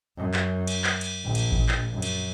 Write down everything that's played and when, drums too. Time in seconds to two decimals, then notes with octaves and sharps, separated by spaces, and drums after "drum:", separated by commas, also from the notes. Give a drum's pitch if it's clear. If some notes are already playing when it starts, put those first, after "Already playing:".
0.17 F#2
0.34 drum: clap
0.67 drum: cymbal
0.84 drum: clap
1.01 drum: cymbal
1.24 A#1
1.35 drum: cymbal
1.52 drum: kick A1
1.69 drum: clap
1.93 F#2
2.02 drum: cymbal